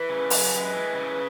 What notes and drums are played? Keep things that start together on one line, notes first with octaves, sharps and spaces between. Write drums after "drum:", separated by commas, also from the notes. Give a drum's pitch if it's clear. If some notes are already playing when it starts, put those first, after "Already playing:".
Already playing: E3 B4
C#3
F#2, drum: open hi-hat
G#3
E3
C#3